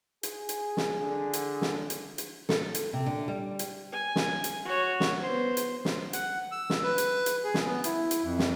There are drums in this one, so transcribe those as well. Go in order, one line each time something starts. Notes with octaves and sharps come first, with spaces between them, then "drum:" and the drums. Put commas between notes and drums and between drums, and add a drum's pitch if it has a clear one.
G#4, drum: hi-hat
drum: hi-hat
drum: snare
D3
drum: hi-hat
drum: snare
drum: hi-hat
drum: hi-hat
A4, drum: snare
drum: hi-hat
C3
D3
G3
drum: hi-hat
G#5
drum: snare
drum: hi-hat
F#4 C#5
drum: snare
B3 C5
drum: hi-hat
drum: snare
F#5, drum: hi-hat
E6
drum: snare
B4
drum: hi-hat
drum: hi-hat
G#4
drum: snare
B3
E4, drum: hi-hat
drum: hi-hat
F2
drum: snare